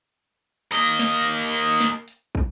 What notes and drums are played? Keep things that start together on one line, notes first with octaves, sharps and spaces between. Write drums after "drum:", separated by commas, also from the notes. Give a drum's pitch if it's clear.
A#3 D#5
drum: snare
drum: hi-hat
drum: snare
drum: hi-hat
drum: kick